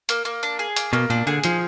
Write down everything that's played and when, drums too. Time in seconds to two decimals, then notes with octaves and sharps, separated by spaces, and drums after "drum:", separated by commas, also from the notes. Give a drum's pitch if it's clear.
0.09 A#3, drum: hi-hat
0.25 A#3
0.43 D4
0.59 G#4
0.76 A#3, drum: hi-hat
0.93 B2 A#3
1.10 A#2 D4
1.27 D3 G#4
1.44 F3 D#4, drum: hi-hat